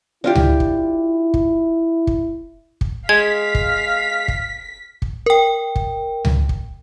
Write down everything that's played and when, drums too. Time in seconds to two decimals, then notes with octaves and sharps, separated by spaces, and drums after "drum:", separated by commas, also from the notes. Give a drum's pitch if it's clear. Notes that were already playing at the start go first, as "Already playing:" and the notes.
0.24 D4 E4 F4 G4
0.35 drum: tom C#2
0.60 drum: kick
1.34 drum: kick
2.07 drum: kick
2.81 drum: kick
3.09 G#3 F5 G#6 B6
3.55 drum: kick
4.28 drum: kick
5.02 drum: kick
5.26 A#4 G5
5.76 drum: kick
6.25 drum: tom C#2
6.49 drum: kick